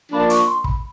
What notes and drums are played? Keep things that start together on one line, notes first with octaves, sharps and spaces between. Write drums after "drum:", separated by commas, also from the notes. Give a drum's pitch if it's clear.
F3 A#3 D4 B5
C#6, drum: hi-hat
C6
B5, drum: kick